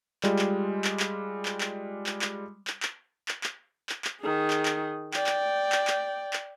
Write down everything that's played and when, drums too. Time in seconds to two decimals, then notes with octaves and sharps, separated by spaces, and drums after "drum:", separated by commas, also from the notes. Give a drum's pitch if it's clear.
0.23 G3 G#3 F4 G4, drum: clap
0.39 drum: clap
0.84 drum: clap
1.00 drum: clap
1.45 drum: clap
1.61 drum: clap
2.06 drum: clap
2.22 drum: clap
2.67 drum: clap
2.83 drum: clap
3.28 drum: clap
3.44 drum: clap
3.89 drum: clap
4.05 drum: clap
4.20 D#3 G#4
4.50 drum: clap
4.66 drum: clap
5.14 D5 G5, drum: clap
5.26 drum: clap
5.72 drum: clap
5.87 drum: clap
6.33 drum: clap